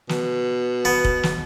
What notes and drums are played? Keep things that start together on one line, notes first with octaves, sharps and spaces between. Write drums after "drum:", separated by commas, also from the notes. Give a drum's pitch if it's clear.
B2, drum: snare
B3
drum: kick
drum: snare